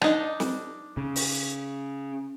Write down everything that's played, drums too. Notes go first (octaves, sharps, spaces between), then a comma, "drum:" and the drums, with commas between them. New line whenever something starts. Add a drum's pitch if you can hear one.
D4 D#4, drum: rim click
drum: snare
C#3
drum: open hi-hat